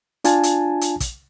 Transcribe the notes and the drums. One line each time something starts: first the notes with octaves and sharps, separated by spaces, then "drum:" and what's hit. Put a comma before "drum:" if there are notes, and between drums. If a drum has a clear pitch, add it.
D4 F4 G#5 A5, drum: hi-hat
drum: hi-hat
drum: hi-hat
drum: kick, hi-hat